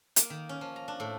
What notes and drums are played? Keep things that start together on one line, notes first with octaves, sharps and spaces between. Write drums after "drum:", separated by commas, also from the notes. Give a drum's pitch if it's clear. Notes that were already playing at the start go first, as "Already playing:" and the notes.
A#3, drum: hi-hat
D#3
C#4
F3
A#5
D4
A2